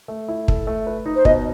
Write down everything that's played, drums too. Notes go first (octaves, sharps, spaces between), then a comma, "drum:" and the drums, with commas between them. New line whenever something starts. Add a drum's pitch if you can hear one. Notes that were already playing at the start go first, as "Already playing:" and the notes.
A3
E4
A4, drum: kick
A3
B4
D#4
C5
B2 D#5, drum: kick